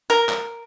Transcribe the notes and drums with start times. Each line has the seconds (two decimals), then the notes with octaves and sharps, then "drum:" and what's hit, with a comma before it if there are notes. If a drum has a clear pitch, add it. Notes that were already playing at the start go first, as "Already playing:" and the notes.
0.10 A#4, drum: hi-hat
0.29 drum: clap